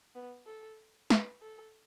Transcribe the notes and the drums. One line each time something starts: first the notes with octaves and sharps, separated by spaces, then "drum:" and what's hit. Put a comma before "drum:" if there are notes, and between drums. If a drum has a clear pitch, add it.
B3
A4
B4, drum: snare
A4